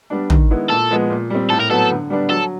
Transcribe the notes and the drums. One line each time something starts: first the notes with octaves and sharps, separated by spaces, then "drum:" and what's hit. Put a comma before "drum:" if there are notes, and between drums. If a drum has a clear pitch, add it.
G3 B3 D4
D#3, drum: tom
G#3 B3 E4
A#2 A4
F3 G#3 B3
A#2
G3 C4
A2 A4
A#4
F#3 B3 A4
D3
G3 B3 D4
F#3 A4